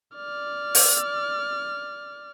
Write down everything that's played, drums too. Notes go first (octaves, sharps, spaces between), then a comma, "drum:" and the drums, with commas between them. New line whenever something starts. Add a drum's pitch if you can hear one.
D5 F6
drum: open hi-hat